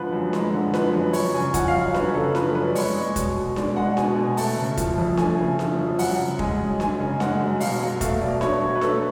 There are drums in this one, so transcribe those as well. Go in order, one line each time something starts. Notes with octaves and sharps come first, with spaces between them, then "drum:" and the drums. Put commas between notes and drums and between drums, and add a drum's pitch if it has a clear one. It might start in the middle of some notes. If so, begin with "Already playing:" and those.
Already playing: D3 F3 G#3 B4
F#2
G#3, drum: snare D4
D3
F3 B4, drum: snare D4
F#2
F#2 C#5, drum: open hi-hat
C#3 G#5
F3 F#5, drum: kick F1, hi-hat
F5
F#2
C#5
F#2 B4, drum: snare D4
C#3 A4
F3 B4, drum: snare D4
F#2 B4
D5
G#3 C#5, drum: open hi-hat
G#3
B2, drum: kick F1, hi-hat
B2
G#3 D5, drum: snare D4
G#3 F#5
B2 G#5, drum: snare D4
B2
A3 A5, drum: open hi-hat
C#3
F3, drum: kick F1, hi-hat
F2
A3 G#5, drum: snare D4
C#3
F3, drum: snare D4
F2
F#2 F#5, drum: open hi-hat
C#3
G#3 G#5, drum: kick F1
F#2
F#2 G#5, drum: snare D4
C#3
G#3 F#5, drum: snare D4
F#2
B2 F5, drum: open hi-hat
F#3
A3 F5, drum: kick F1, hi-hat
B2 D5
B2 C#5, drum: snare D4
F#3
B4
A3 A4, drum: snare D4